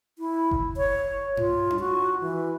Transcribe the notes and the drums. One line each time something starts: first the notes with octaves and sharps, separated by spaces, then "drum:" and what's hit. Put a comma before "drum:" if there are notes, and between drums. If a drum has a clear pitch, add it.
E4
drum: kick F#1
C#5
F4, drum: tom G2
drum: tom D4
F#4
E3